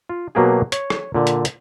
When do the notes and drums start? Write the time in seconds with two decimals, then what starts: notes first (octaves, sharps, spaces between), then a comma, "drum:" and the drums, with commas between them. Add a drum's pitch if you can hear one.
0.09 F4
0.35 B2 F#3 A#3 G4 G#4
0.72 C#5, drum: hi-hat
0.90 drum: rim click
1.15 A#2 D3
1.27 drum: hi-hat
1.45 drum: hi-hat